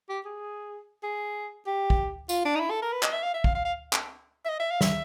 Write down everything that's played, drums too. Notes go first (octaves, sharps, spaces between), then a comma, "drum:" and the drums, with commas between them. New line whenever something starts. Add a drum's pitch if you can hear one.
G4
G#4
G#4
G4
drum: kick
F4, drum: tambourine
D4
D#4
E4
A4
A#4
B4
D#5, drum: clap
E5
F5
E5
F5, drum: kick
F5
F5
drum: clap
E5
D#5
E5
F5
E5, drum: snare